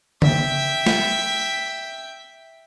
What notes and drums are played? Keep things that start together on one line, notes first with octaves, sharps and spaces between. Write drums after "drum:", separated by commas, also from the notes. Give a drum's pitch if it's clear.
E5 G5, drum: tom C#3
drum: snare